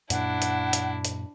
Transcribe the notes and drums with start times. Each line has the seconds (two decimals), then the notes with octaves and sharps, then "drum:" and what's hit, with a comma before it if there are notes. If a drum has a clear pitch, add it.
0.10 F#2 A#2 D4 E4 F#5, drum: hi-hat
0.42 drum: hi-hat
0.73 drum: hi-hat
1.05 drum: hi-hat